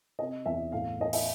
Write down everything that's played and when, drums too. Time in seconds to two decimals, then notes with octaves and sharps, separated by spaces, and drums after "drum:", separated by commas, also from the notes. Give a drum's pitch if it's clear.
0.19 C3 D#5
0.46 E2 E5
0.72 A2 F5
1.00 A2 D#5
1.13 E5, drum: open hi-hat